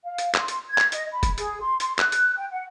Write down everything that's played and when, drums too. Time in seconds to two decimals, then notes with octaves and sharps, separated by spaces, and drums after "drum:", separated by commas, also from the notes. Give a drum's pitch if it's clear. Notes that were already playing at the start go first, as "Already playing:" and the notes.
0.04 F5
0.18 drum: hi-hat
0.34 C6, drum: clap
0.48 drum: hi-hat
0.68 G#6
0.78 drum: clap
0.92 D#5, drum: hi-hat
1.12 B5
1.23 drum: kick, hi-hat
1.38 G#4, drum: hi-hat
1.62 C6
1.80 C6, drum: hi-hat
1.99 F#6, drum: clap
2.12 drum: hi-hat
2.36 G5
2.51 F#5